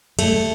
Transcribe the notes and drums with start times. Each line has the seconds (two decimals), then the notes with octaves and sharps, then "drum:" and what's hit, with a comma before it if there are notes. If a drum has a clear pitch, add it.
0.19 A3, drum: cymbal